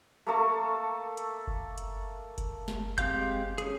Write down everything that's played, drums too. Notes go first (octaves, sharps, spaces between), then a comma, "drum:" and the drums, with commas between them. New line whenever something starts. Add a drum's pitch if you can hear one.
A3 A#3 A4 C#6
drum: hi-hat
drum: kick F#1
drum: hi-hat
drum: kick F#1, hi-hat
drum: snare
G#3 C4 G4 F5 G6, drum: kick F#1, hi-hat
C#4 G#4, drum: hi-hat